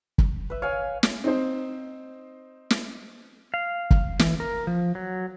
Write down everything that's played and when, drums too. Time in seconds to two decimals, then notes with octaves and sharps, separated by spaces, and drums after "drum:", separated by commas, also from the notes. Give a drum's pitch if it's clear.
0.18 drum: kick
0.50 B4 E5
0.62 C#5 F5 G#5
1.03 drum: snare
1.24 C4 D#4 C5
2.70 drum: snare
3.54 F5
3.91 drum: kick
4.19 E3, drum: snare
4.40 A#4
4.67 F3
4.95 F#3